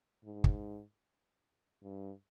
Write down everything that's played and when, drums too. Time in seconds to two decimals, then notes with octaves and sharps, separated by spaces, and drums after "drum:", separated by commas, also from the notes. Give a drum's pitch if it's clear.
0.24 G#2
0.44 drum: kick
1.83 G2